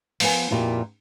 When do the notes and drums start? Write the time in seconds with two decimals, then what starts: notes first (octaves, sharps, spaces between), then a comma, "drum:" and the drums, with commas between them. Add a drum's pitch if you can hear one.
0.20 F3 B3 G#5, drum: open hi-hat
0.51 F2 A#2 E4 F#4 G4